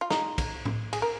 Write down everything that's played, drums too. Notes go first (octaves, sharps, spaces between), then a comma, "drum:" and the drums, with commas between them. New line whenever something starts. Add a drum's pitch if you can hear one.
F4
D#4, drum: snare
drum: kick, cymbal
drum: tom A2
G#4, drum: cymbal
A#4